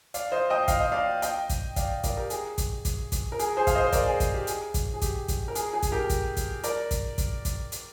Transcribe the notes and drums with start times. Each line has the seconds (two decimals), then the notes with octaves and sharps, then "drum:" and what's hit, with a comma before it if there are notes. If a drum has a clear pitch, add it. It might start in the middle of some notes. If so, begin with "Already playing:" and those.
0.14 D5 F5, drum: hi-hat
0.32 C5 D#5
0.50 D#5 G5
0.68 F5, drum: kick, hi-hat
0.80 D#5
0.92 D5 F5
1.22 D#5 G5, drum: hi-hat
1.50 drum: kick, hi-hat
1.76 D5 F5, drum: kick, hi-hat
2.04 A#4 D5, drum: kick, hi-hat
2.17 G4 A#4
2.30 G#4, drum: hi-hat
2.58 drum: kick, hi-hat
2.85 drum: kick, hi-hat
3.12 drum: kick, hi-hat
3.32 A#4
3.39 G#4, drum: hi-hat
3.57 G#4 C5
3.67 F5, drum: kick, hi-hat
3.75 C5 D#5
3.87 C5
3.93 A#4 D5, drum: kick, hi-hat
4.06 G#4
4.20 drum: kick, hi-hat
4.34 G4
4.47 G#4, drum: hi-hat
4.74 drum: kick, hi-hat
4.94 G#4
5.02 G4, drum: kick, hi-hat
5.28 drum: kick, hi-hat
5.48 A#4
5.55 G#4, drum: hi-hat
5.73 G#4
5.83 drum: kick, hi-hat
5.92 G4 A#4
6.10 drum: kick, hi-hat
6.37 drum: kick, hi-hat
6.64 A#4 D5, drum: hi-hat
6.91 drum: kick, hi-hat
7.18 drum: kick, hi-hat
7.45 drum: kick, hi-hat
7.72 drum: hi-hat